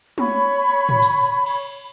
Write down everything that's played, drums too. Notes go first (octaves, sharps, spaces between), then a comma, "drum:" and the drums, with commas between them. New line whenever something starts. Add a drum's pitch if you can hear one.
C#5 B5 C#6, drum: tom
drum: tom
drum: tambourine
drum: cymbal